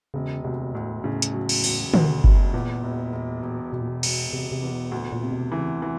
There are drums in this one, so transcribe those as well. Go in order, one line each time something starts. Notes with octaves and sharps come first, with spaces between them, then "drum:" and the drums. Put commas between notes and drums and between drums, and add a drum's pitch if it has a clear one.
E1 C#3
D2 C3
D2 A2
A2 C#3
drum: hi-hat
F#3
drum: cymbal
E1, drum: open hi-hat
D2 A#2, drum: tom
C3
B2
E1, drum: kick G1
E2 A#2
E1
E1
E1
E1 B2
A#2
B2
E1, drum: cymbal
E1 C3
C3
E2
B2
D2 A#2
A#2
C3
B2
C#3 E3
E3